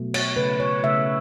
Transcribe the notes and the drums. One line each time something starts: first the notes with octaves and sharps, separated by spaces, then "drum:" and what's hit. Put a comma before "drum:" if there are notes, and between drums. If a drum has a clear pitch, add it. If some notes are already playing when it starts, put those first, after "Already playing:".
Already playing: B2 F#3 A3
C#5, drum: cymbal
C#3 A3 B4
C#5
C#3 A3 E5